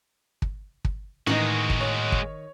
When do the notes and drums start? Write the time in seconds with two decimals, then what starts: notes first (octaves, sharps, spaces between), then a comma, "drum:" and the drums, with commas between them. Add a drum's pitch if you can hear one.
0.42 drum: kick
0.85 drum: kick
1.27 A2 D#3 E3 G#3 D#4 F#4
1.70 drum: kick
1.81 C#5
2.12 drum: kick